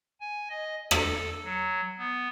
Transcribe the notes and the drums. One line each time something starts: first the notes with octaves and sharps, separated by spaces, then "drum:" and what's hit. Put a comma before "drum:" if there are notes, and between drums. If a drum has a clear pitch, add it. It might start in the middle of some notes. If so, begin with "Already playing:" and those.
G#5
D#5
A4, drum: rim click
F#3
B3